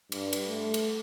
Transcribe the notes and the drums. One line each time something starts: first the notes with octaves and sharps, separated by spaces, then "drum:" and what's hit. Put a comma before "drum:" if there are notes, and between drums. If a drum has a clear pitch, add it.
G2, drum: cymbal
drum: cymbal
A3
drum: cymbal